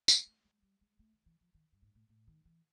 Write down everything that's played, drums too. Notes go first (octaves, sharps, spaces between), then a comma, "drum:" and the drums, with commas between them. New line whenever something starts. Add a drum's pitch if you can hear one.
A3, drum: tambourine
A3
G#3
G3
G#3
A3
D#3
E3
F3
D#3
G2
G#2
A2
A2
D#3
E3